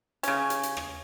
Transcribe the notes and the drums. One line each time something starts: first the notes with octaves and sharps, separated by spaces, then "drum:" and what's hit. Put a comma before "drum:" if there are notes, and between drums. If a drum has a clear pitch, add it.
C#3 C#4, drum: hi-hat
drum: hi-hat
drum: hi-hat
drum: rim click